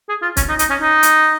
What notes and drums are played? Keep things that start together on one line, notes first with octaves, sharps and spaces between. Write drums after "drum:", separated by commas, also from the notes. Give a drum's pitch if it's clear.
G#4
F4
C#4, drum: kick, hi-hat
D#4
D#4, drum: hi-hat
C#4
D#4
drum: hi-hat